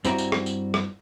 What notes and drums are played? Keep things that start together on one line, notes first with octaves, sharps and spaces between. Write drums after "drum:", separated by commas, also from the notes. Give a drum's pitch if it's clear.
G2 C4 E4 F#4 D5 A#5, drum: tambourine
drum: tambourine
drum: rim click
drum: tambourine
drum: rim click